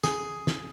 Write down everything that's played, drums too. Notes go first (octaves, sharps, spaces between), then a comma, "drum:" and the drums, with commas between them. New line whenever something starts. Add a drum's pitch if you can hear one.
G#4, drum: snare
drum: snare